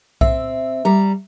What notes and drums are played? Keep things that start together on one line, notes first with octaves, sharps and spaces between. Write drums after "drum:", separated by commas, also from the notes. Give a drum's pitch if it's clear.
C4 E5, drum: kick B1
G3 A#5